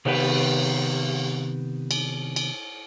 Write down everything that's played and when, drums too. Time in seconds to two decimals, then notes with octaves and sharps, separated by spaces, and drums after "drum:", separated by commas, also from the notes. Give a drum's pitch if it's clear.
0.05 C3 D#3 B3 G4 B4, drum: cymbal
1.91 drum: cymbal
2.36 drum: cymbal